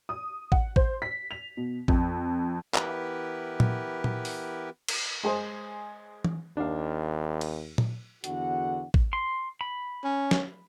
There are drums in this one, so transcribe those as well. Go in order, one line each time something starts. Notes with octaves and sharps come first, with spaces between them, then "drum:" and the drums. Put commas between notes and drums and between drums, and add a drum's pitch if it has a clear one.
D#6
F#5, drum: kick
C5, drum: kick
B6
F7
B2
F2, drum: kick
E3 B3 E4 G4 A#4 B4, drum: clap
drum: tom A#2
drum: tom A#2
drum: open hi-hat
drum: cymbal
G#3 G#4 C5
drum: tom E3
D#2 D4 F5
drum: cymbal
drum: tom A#2
E2 D3 F#4 F#5, drum: hi-hat
drum: kick
C6
B5
C#4
drum: snare